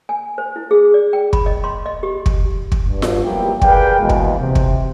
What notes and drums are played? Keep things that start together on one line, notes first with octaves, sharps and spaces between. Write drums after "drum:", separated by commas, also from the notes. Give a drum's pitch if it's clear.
G#5
C5
E4
G#4
D5
G5
B5, drum: kick
D#5
C6
D#5
G4
drum: kick
drum: kick
G2
drum: snare F4
F3 F#3 A#3 B3 E4 G4
G#4 A#4 B4 D5 F5 G5, drum: kick
D#2 B2 E3 G#3
drum: kick
C3
drum: kick